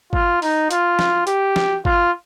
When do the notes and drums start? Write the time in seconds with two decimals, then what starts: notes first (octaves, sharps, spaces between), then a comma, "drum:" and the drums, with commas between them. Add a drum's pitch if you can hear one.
0.13 F4, drum: kick G#1
0.42 D#4, drum: open hi-hat
0.71 F4, drum: hi-hat
0.99 drum: snare
1.27 G4, drum: hi-hat
1.56 drum: snare
1.85 F4, drum: kick G#1